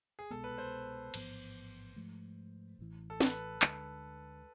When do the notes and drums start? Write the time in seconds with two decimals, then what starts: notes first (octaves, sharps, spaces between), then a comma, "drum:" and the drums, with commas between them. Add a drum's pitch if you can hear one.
0.19 G#4
0.30 C2 B2 G#3 B3 A4
0.44 B4
0.58 C5
1.14 A1 G#2 F3 B3, drum: cymbal
1.96 G#2 F3 A3
2.79 A1 A2 E3
3.10 A4
3.20 B4, drum: snare
3.62 D2 D3 G#3, drum: clap